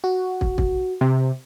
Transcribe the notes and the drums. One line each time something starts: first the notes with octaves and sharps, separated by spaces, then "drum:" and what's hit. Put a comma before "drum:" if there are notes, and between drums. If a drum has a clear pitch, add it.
F#4
drum: kick
drum: kick
C3